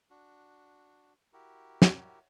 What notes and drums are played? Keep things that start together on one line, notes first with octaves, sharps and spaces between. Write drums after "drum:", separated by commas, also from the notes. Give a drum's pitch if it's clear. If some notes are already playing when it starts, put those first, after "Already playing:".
D4 F#4
E4 F#4 G4 A#4
drum: snare